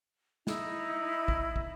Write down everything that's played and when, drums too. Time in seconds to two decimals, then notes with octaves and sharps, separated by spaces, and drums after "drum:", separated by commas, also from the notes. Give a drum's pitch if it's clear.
0.47 D#4 E4, drum: snare
1.28 drum: kick
1.56 drum: kick